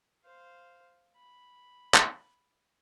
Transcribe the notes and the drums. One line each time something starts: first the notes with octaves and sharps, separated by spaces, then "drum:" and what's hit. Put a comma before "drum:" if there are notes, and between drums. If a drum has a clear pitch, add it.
C5 F5
B5
drum: clap